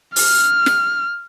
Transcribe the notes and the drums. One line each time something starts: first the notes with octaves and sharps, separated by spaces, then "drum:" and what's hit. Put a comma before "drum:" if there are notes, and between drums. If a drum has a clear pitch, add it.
F6, drum: open hi-hat
drum: snare